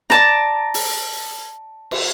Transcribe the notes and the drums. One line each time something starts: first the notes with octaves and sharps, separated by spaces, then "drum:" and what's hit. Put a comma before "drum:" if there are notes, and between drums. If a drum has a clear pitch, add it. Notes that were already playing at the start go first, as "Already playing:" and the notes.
D5 A5 A#5, drum: snare
drum: open hi-hat
drum: cymbal